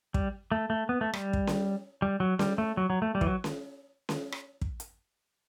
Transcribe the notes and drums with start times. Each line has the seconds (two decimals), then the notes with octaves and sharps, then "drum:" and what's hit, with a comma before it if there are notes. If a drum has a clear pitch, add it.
0.14 G3, drum: kick
0.52 A3
0.70 A3
0.89 B3
1.01 A3
1.13 G3, drum: rim click
1.33 drum: kick
1.47 drum: snare C#4
2.02 G3
2.20 F#3
2.39 G3, drum: snare C#4
2.58 A3
2.77 F#3
2.90 F#3
3.02 A3
3.15 G3
3.21 E3, drum: kick
3.27 F#3
3.44 drum: snare C#4
4.09 drum: snare C#4
4.32 drum: rim click
4.61 drum: kick
4.80 drum: hi-hat